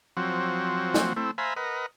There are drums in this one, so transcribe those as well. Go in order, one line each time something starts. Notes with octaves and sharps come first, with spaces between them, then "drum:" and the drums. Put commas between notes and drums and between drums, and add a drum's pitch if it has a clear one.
F3 F#3 C4 F#4
drum: snare
A3 C4 E4
C5 E5 F5 G#5 A#5 B5
A#4 B4 D#5 F#5